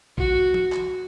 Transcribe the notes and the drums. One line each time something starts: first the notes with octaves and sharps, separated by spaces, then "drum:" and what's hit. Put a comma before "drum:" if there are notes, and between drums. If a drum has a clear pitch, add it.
F#4, drum: kick
drum: tom E3
drum: clap